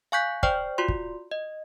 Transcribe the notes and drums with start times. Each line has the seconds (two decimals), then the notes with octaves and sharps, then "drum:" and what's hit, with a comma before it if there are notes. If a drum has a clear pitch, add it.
0.12 F5 G#5 C#6 F#6 G6 B6
0.43 C5 D5 G5 C#6 F6, drum: kick
0.78 F4 F#4 D5 C6
0.89 drum: kick
1.31 D#5